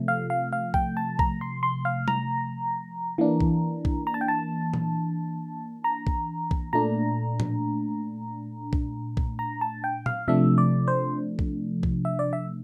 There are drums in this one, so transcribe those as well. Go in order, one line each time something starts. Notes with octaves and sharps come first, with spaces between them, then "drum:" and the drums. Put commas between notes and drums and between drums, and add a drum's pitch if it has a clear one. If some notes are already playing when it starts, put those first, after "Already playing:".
Already playing: C3 F3 A3
F5
F5
F5
G5, drum: kick B1
A5
A#5, drum: kick B1
C6
C6
F5
A#5, drum: tom G3
E3 A#3 D4
drum: kick B1
drum: kick B1
A#5
A5
G5
A5
drum: tom A#2
A#5
drum: kick B1
drum: kick B1
A#2 A3 D4 A#5
drum: tom A2
drum: kick B1
drum: kick B1
A#5
A5
G5
F5, drum: tom A#2
C3 F3 A3 D4 E5
D5
C5
drum: kick B1
drum: kick B1
E5
D5
E5